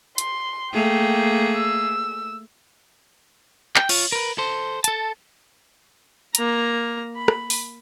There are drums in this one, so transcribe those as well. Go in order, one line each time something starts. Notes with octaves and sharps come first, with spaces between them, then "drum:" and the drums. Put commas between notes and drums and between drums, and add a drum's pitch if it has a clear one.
C6, drum: hi-hat
A3 A#3 G#4 G5
E6
G5, drum: clap
F4 C#5, drum: cymbal
A#4 B4
A4 C5
A4 A5, drum: hi-hat
A#3 A#5, drum: hi-hat
B5
drum: rim click
drum: open hi-hat